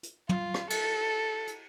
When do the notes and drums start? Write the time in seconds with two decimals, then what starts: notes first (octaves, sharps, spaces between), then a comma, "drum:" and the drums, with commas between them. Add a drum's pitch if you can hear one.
0.03 drum: hi-hat
0.29 F4, drum: tom
0.54 drum: rim click
0.70 A4, drum: cymbal
1.47 drum: hi-hat